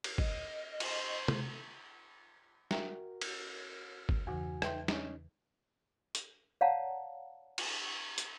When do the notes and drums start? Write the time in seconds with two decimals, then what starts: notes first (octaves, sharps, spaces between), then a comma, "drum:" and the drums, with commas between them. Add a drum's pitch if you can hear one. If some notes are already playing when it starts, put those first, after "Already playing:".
0.04 drum: cymbal
0.18 D#5, drum: kick
0.80 C5, drum: cymbal
1.28 drum: tom C3
2.71 F#4 A#4 E5 G5 A#5, drum: snare
3.21 drum: cymbal
4.09 drum: kick
4.27 E2 G2 C#3 E3 F#4 G#5
4.62 D#4 B4 E5 G5 C6, drum: rim click
4.88 C#4 D#4, drum: snare
6.15 drum: hi-hat
6.61 C#5 D5 F5 F#5 A5 A#5
7.58 drum: cymbal
8.18 drum: hi-hat